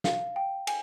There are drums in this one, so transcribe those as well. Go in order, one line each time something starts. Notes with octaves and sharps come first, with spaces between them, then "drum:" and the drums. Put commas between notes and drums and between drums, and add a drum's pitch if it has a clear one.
F5, drum: snare
G5
G#5, drum: cymbal